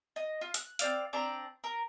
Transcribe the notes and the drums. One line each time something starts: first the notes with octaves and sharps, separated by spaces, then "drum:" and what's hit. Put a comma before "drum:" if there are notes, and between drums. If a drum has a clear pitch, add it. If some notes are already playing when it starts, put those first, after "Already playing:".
D#5
F4
F#6, drum: hi-hat
C4 D5 F5, drum: hi-hat
C4 D4 D5 A#5
A#4